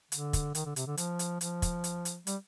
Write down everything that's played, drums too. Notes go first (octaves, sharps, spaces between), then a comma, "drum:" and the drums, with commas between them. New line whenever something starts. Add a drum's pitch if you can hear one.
D3, drum: hi-hat
drum: kick, hi-hat
D#3, drum: hi-hat
D3
C3, drum: hi-hat
D3
F3, drum: hi-hat
drum: hi-hat
F3, drum: hi-hat
drum: kick, hi-hat
drum: hi-hat
drum: hi-hat
G3, drum: hi-hat